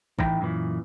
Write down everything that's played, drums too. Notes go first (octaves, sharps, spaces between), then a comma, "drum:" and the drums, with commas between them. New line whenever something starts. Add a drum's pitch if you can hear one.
A2 E3 D#4 E5 G5 B5, drum: kick
F#2 A#2 E3